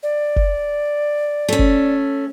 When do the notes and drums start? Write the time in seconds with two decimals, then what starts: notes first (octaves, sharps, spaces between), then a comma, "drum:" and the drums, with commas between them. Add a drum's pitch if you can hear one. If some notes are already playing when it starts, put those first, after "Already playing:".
0.03 D5
0.36 drum: kick F#1
1.49 A3 C#4
1.59 drum: kick F#1